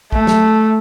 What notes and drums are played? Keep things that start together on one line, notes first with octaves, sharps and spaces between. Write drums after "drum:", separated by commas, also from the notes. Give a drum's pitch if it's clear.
A3, drum: kick
drum: snare